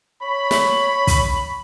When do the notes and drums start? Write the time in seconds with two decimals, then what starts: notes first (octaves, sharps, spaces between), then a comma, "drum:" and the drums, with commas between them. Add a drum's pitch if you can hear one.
0.22 C#5 B5
0.51 drum: snare
1.07 drum: kick, hi-hat